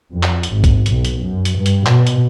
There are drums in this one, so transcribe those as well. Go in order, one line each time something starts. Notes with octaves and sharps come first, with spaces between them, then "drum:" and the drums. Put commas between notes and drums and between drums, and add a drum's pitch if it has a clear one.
F2
drum: clap
drum: hi-hat
G#1
drum: kick A#1, hi-hat
B1, drum: hi-hat
drum: hi-hat
F#2
drum: hi-hat
G2
drum: hi-hat
B2, drum: clap
drum: hi-hat